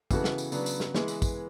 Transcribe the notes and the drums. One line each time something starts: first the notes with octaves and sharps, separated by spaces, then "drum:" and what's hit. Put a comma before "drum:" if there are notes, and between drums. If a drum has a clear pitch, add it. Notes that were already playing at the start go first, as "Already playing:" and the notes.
C#3 E3 B3 F#4 A4, drum: kick, tambourine
drum: snare
drum: tambourine
C#3 F#3 B3 D4, drum: tambourine
drum: tambourine
drum: snare
E3 G#3 B3, drum: snare
drum: tambourine
drum: kick, tambourine